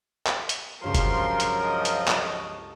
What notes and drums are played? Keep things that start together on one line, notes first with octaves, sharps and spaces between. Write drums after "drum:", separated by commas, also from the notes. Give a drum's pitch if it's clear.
drum: clap
drum: hi-hat
C#2 G2 F3 F#3 A#4 C6
drum: kick F1, hi-hat
drum: hi-hat
D#5
drum: hi-hat
drum: clap
A4 A5 C#6